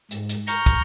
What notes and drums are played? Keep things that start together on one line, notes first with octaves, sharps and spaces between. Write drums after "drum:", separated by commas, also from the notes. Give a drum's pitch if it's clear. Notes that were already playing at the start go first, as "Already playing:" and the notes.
G#2, drum: hi-hat
drum: hi-hat
A#5 C#6 F6 G6, drum: hi-hat
drum: kick, hi-hat